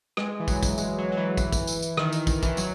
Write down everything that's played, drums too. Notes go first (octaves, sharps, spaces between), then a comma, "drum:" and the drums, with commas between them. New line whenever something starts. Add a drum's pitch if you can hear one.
G#3, drum: rim click
E3
F#3, drum: kick, tambourine
drum: kick, tambourine
G#3, drum: tambourine
F#3
F#3
E3
drum: kick, tambourine
drum: kick, tambourine
drum: tambourine
drum: tambourine
D#3, drum: rim click
D#3, drum: tambourine
D#3, drum: kick, tambourine
E3, drum: kick, tambourine
F#3, drum: tambourine